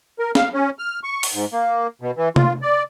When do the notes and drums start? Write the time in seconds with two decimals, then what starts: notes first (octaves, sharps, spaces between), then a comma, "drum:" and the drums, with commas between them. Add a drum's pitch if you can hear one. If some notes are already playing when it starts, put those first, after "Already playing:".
0.19 A#4
0.35 F5, drum: snare
0.54 C#4
0.79 F6
1.04 C#6
1.23 drum: open hi-hat
1.34 G#2
1.52 A#3
2.01 B2
2.17 E3
2.36 F4, drum: tom C3
2.62 D5